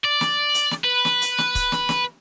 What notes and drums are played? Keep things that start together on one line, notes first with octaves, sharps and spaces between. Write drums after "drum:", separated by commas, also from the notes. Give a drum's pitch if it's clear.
D5
drum: snare
drum: hi-hat
drum: snare
B4
drum: snare
drum: hi-hat
drum: snare
drum: kick C#1, hi-hat
drum: snare
drum: snare